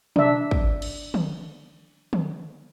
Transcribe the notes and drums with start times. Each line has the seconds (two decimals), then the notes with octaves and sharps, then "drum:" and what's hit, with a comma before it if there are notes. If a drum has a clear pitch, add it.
0.16 D4 E5, drum: tom
0.51 drum: kick
0.82 drum: cymbal
1.14 drum: tom
2.13 drum: tom